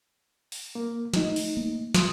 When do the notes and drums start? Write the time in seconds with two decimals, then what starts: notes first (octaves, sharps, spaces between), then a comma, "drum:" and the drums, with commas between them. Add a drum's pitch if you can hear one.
0.52 drum: open hi-hat
0.75 A#3
1.14 A3 D#4, drum: snare
1.36 drum: open hi-hat
1.57 A#3
1.94 C6 D#6, drum: snare